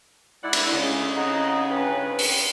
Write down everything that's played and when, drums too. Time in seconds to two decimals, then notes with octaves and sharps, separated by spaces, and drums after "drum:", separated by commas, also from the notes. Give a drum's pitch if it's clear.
0.44 G#2 E4 D5 F#5
0.53 drum: cymbal
0.73 C#3 G#3
1.17 C4 D#4 G#4 D#5 F#5 A#5
1.71 G2 C#4 F#4 B4 G5
2.07 C4
2.19 drum: open hi-hat